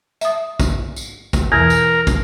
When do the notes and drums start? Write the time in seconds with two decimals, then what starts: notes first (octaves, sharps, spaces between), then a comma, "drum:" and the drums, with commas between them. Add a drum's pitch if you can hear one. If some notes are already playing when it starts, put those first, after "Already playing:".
0.21 E5 D#6, drum: tambourine
0.60 drum: kick, tambourine
0.96 drum: tambourine
1.33 drum: kick, tambourine
1.52 E2 B2 E3 A#4
1.70 drum: tambourine
2.07 drum: kick, tambourine